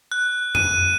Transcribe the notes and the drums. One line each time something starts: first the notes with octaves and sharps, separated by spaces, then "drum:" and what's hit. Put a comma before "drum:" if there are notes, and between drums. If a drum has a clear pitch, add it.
F#6
D#7, drum: tom F2